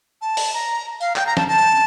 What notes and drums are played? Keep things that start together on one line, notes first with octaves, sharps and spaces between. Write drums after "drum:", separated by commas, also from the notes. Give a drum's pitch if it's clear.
A5
drum: open hi-hat
A#5
F5, drum: tambourine
G5, drum: clap
A#5
A5, drum: snare
A5